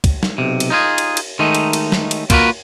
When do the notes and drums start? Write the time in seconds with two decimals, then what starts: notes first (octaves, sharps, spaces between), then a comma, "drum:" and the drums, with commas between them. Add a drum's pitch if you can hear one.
0.04 drum: kick, cymbal
0.23 drum: snare
0.38 B1 C3
0.60 drum: cymbal
0.70 D#4 F4 G#4
0.98 drum: cymbal
1.17 drum: cymbal
1.39 D#3 G#3 A3 D#4
1.55 drum: cymbal
1.73 drum: cymbal
1.92 drum: snare
2.11 drum: cymbal
2.30 A#3 B3 F4 F#4 A#4 B4, drum: kick, cymbal